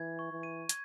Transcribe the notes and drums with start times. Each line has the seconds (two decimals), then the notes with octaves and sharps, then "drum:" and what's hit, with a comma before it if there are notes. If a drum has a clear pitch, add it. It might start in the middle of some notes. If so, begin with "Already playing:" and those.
Already playing: E3 G#6
0.19 C#6
0.32 E3
0.43 D#7
0.69 G#6, drum: hi-hat